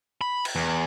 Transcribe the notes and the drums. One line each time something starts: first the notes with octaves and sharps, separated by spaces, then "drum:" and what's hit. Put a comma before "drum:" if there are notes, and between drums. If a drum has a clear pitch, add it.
B5
drum: cymbal
E2